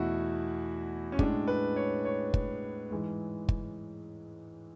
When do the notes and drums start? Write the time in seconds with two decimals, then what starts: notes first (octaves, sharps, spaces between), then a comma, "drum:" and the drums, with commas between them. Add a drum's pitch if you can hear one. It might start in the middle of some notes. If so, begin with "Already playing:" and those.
Already playing: E2 B2 A3 E4 F#4
1.12 C#4
1.19 A2 G#3 D4, drum: kick
1.48 B4
1.76 C#5
2.05 C#5
2.34 drum: kick
2.91 G#2 E3 G#3
3.49 drum: kick